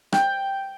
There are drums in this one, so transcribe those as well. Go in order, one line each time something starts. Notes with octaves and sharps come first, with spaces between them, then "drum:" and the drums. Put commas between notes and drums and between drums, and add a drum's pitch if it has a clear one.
G5, drum: rim click